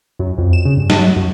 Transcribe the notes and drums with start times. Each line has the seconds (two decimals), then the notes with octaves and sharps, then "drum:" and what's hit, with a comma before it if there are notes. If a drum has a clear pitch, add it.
0.19 F#2
0.38 F2
0.53 E7
0.65 C#3
0.77 G2
0.90 drum: snare
0.99 F#3
1.16 F#2